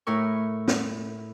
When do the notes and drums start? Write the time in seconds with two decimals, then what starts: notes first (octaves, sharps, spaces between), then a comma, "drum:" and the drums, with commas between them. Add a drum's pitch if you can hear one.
0.07 A2 E4 A#4 C#6
0.68 drum: snare